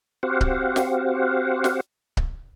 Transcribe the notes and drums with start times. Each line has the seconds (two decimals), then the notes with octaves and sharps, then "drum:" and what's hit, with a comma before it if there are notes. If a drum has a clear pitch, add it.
0.23 C4 F#4 G4 C5 F5 F#5
0.41 drum: kick C#1
0.76 drum: snare
1.64 drum: snare
2.17 drum: kick C#1